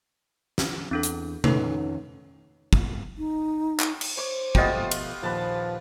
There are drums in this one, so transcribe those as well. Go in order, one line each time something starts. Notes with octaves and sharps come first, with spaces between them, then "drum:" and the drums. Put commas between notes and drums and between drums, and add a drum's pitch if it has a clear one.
drum: snare
E2 C4 D4 A4
drum: hi-hat
F2 D#3 C#4 D#4 A4 B4, drum: tom C3
drum: kick
D#4
drum: clap
drum: cymbal
C5 C#5 D6
B2 F3 A3 B3 F4 G4 D#5 F5, drum: kick
drum: cymbal
A#1 D#2 F3 B4 A5